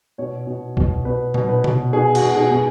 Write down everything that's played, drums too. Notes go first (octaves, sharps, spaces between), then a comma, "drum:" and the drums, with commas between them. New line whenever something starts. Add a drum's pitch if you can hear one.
B2 C#5
B2
B2, drum: kick B1
B2 B4
B2, drum: tom A#2
B4
B2, drum: tom C3
B2 G#4
F#4, drum: cymbal
B2
G#4
B2